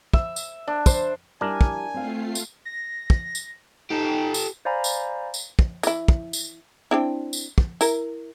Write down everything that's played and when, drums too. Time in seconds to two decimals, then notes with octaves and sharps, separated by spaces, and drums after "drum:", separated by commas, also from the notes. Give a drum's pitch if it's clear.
0.13 E5, drum: kick
0.36 drum: tambourine
0.68 D4
0.86 C5, drum: kick, tambourine
1.41 G3 D4 E4 G4 A#4 G#5
1.61 drum: kick
1.94 A3 C4 F4 F5 C7
2.35 drum: tambourine
2.65 A#6
3.10 drum: kick
3.35 drum: tambourine
3.90 D#4 G4 A4
4.34 drum: tambourine
4.65 C5 D5 F5 G#5 A#5 B5
4.84 drum: tambourine
5.34 drum: tambourine
5.59 drum: kick
5.83 E3 E4, drum: tambourine
6.08 drum: kick
6.33 drum: tambourine
6.91 C4 D4 E4
7.33 drum: tambourine
7.58 drum: kick
7.81 E4 A#4, drum: tambourine